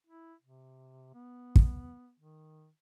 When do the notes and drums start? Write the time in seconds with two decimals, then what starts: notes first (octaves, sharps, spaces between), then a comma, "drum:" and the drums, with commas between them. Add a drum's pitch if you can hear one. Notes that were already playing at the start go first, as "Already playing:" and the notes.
0.06 E4
0.42 C3
1.14 B3
1.56 drum: kick
2.19 D#3